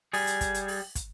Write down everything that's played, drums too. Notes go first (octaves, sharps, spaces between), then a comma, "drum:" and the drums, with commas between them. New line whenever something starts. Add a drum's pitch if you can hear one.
G3 G#4, drum: open hi-hat
drum: hi-hat
drum: kick, hi-hat
drum: hi-hat
drum: open hi-hat
drum: kick, hi-hat